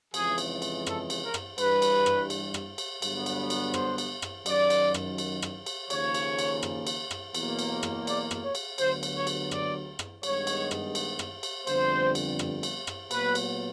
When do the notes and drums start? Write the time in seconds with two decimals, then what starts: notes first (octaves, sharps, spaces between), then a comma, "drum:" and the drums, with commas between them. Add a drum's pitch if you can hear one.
0.14 F2 C#3 E3 G#3 G#4, drum: cymbal
0.38 drum: cymbal
0.62 drum: cymbal
0.87 A4, drum: rim click
1.10 drum: cymbal
1.23 A#4
1.34 drum: rim click
1.58 G2 E3 G3 B4, drum: cymbal
1.82 drum: cymbal
2.06 drum: rim click
2.30 drum: cymbal
2.54 drum: rim click
2.78 drum: cymbal
3.02 G2 D3 F#3 B3, drum: cymbal
3.26 drum: cymbal
3.50 drum: cymbal
3.74 C5, drum: rim click
3.98 drum: cymbal
4.22 drum: rim click
4.46 F#2 D#3 F#3 D5, drum: cymbal
4.70 drum: cymbal
4.94 drum: rim click
5.18 drum: cymbal
5.42 drum: rim click
5.66 drum: cymbal
5.90 D#2 C#3 F3 A#3 C#5, drum: cymbal
6.14 drum: cymbal
6.39 drum: cymbal
6.63 drum: rim click
6.87 drum: cymbal
7.11 drum: rim click
7.35 E2 B2 F#3 A#3, drum: cymbal
7.59 drum: cymbal
7.83 drum: rim click
8.07 D5, drum: cymbal
8.31 drum: rim click
8.43 C#5
8.55 drum: cymbal
8.78 D2 D3 F#3 B3 C5, drum: cymbal
9.03 drum: cymbal
9.15 C#5
9.27 drum: cymbal
9.51 D5, drum: rim click
9.99 drum: rim click
10.23 G2 D#3 G#3 B3 C#5, drum: cymbal
10.47 drum: cymbal
10.71 drum: rim click
10.95 drum: cymbal
11.19 drum: rim click
11.43 drum: cymbal
11.67 F2 D3 G3 B3 C5, drum: cymbal
12.15 drum: cymbal
12.39 drum: rim click
12.63 drum: cymbal
12.87 drum: rim click
13.11 A#2 F#3 B3 B4, drum: cymbal
13.35 drum: cymbal